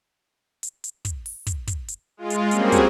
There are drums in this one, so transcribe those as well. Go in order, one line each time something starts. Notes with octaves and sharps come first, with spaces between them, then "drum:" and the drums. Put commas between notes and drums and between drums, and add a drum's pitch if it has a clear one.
drum: hi-hat
drum: hi-hat
drum: kick, hi-hat
drum: open hi-hat
drum: kick, hi-hat
drum: kick, hi-hat
drum: hi-hat
G#3 F4
drum: hi-hat
G3 A#3 C4 C#4 F#4 G#4, drum: hi-hat
drum: kick, hi-hat